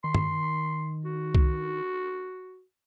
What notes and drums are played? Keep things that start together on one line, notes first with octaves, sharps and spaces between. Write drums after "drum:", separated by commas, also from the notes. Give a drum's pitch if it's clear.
D#3 C6
drum: tom
F#4
drum: kick C2